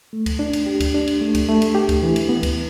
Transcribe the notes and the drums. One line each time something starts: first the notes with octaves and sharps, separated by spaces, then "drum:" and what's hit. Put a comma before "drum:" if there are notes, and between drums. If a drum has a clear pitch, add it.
A3
drum: kick C#2, cymbal
D4
drum: cymbal
G4
drum: kick C#2, cymbal
D4
drum: cymbal
A3
drum: kick C#2, cymbal
A3
drum: cymbal
G4
drum: kick C#2, cymbal
E3
drum: cymbal
B3
drum: kick C#2, cymbal